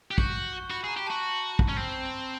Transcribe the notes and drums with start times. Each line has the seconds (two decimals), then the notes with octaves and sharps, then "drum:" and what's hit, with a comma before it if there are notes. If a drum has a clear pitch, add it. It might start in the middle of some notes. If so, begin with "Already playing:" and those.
0.11 G4 F#6
0.18 F#4 G6, drum: kick
0.36 F#6
0.53 C#6
0.70 F#4 B5
0.84 G#4 A#5
0.97 G4
1.07 F#4 A5
1.59 drum: kick
1.69 C#4
1.77 C4